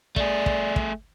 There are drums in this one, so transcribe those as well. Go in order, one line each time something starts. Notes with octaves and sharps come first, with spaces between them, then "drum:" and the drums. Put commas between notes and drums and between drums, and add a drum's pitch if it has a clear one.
A3 G#4 D5, drum: kick
drum: kick
drum: kick